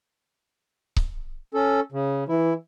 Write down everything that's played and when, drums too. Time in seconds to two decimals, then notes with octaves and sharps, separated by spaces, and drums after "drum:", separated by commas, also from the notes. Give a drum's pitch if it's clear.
0.96 drum: kick C#1
1.54 C#4 A4
1.92 C#3
2.28 E3 E4